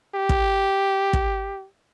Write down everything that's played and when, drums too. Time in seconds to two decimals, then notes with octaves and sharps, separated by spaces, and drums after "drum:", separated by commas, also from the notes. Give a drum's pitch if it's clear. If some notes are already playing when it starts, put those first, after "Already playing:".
0.15 G4
0.29 drum: kick
1.13 drum: kick